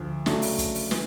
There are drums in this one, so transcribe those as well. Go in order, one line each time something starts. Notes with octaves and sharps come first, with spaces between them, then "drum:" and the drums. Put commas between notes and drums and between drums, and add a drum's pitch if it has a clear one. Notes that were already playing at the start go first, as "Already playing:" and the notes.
Already playing: D2 D3 F3
C#3 F#3 A3 D4, drum: snare
drum: open hi-hat
drum: kick, hi-hat
drum: open hi-hat
E3, drum: snare